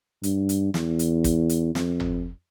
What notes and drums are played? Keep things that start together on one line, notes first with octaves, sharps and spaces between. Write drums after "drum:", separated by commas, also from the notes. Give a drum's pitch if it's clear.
G2, drum: hi-hat
drum: hi-hat
E2, drum: snare
drum: hi-hat
drum: kick, hi-hat
drum: hi-hat
F2, drum: snare
drum: tom G1